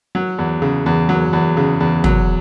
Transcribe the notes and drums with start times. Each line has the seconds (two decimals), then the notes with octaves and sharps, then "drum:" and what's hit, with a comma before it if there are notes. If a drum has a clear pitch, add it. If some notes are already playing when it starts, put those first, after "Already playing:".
0.15 F#3
0.39 E2
0.62 C#3
0.86 E2
1.09 F#3
1.33 E2
1.57 C#3
1.81 E2
2.04 F#3, drum: tom